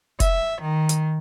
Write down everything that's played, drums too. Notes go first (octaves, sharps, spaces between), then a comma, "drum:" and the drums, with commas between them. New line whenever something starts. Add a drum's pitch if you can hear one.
E5, drum: kick F1, hi-hat
D#3
drum: hi-hat